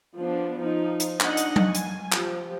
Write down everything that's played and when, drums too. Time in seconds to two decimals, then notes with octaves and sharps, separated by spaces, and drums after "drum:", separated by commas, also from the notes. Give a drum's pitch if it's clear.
0.17 F3 B3 D4
0.59 F3 D#4
1.00 drum: hi-hat
1.20 D4 D#4 D#5 F#5, drum: clap
1.37 drum: hi-hat
1.56 drum: tom F#3
1.66 G#5
1.75 drum: hi-hat
2.12 F3 G4, drum: clap